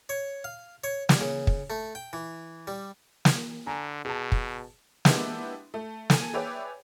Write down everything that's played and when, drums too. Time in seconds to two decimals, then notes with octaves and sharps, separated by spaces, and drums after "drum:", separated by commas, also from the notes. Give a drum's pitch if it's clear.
0.09 C#5
0.44 F5
0.84 C#5
1.09 G3, drum: snare
1.21 C#3
1.47 drum: kick
1.70 A3
1.95 G5
2.13 E3
2.67 G3
3.25 drum: snare
3.67 D3 G#5 A#5
4.05 B2 G#4 A5
4.32 drum: kick
5.05 G#3 B3 D4 E4 G4, drum: snare
5.74 A3
6.10 A4 G#5, drum: snare
6.34 G#4 B4 C#5 D5 E5 G5